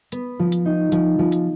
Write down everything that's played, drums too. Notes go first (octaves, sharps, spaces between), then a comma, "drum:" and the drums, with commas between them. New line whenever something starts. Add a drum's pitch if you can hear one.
B3, drum: hi-hat
F3
drum: hi-hat
D#4
F3, drum: hi-hat
F3
drum: hi-hat